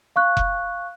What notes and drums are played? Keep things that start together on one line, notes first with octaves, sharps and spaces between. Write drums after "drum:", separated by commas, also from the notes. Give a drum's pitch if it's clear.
F5 C#6 F#6
drum: kick F1